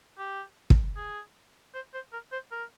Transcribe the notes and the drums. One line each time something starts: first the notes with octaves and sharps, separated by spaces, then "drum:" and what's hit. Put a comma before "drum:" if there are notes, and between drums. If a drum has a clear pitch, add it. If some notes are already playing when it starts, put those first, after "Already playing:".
G4
drum: kick
G#4
C5
C5
A#4
C5
A#4